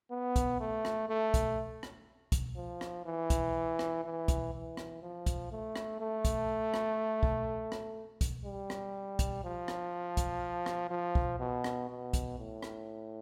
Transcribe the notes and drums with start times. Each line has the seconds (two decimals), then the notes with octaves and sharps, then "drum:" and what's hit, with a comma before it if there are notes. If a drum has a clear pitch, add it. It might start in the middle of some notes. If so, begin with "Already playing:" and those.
0.11 B3
0.36 drum: kick, hi-hat
0.60 A3
0.85 drum: rim click
1.09 A3
1.34 drum: kick, hi-hat
1.83 drum: rim click
2.32 drum: kick, hi-hat
2.56 F3
2.81 drum: rim click
3.06 E3
3.30 drum: kick, hi-hat
3.79 drum: rim click
4.04 E3
4.28 drum: kick, hi-hat
4.53 E3
4.77 drum: rim click
5.02 F3
5.26 drum: kick, hi-hat
5.52 A3
5.76 drum: rim click
6.00 A3
6.25 drum: kick, hi-hat
6.74 drum: rim click
7.23 drum: kick
7.72 drum: rim click
8.21 drum: kick, hi-hat
8.45 G3
8.70 drum: rim click
9.19 drum: kick, hi-hat
9.44 F3
9.68 drum: rim click
10.17 drum: kick, hi-hat
10.66 drum: rim click
10.91 F3
11.15 drum: kick
11.39 B2
11.64 drum: rim click
11.89 B2
12.13 drum: kick, hi-hat
12.39 A2
12.63 drum: rim click